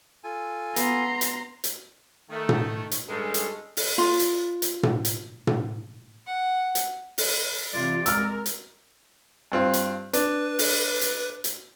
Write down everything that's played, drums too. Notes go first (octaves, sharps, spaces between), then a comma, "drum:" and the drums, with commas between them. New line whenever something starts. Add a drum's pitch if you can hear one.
F4 A4 G#5
B3 A#5 C6, drum: hi-hat
drum: hi-hat
drum: hi-hat
D#3 A3
drum: tom
drum: hi-hat
G2 D#3 G3 G#3 C#4 A4
drum: hi-hat
drum: open hi-hat
F4
drum: hi-hat
drum: hi-hat
drum: tom
drum: hi-hat
drum: tom
F#5
drum: hi-hat
drum: open hi-hat
C3 E3 F4 D5
G#3 A#4 E6 F6, drum: hi-hat
drum: hi-hat
G2 C4 F4
drum: hi-hat
D4 B4, drum: hi-hat
drum: open hi-hat
drum: hi-hat
drum: hi-hat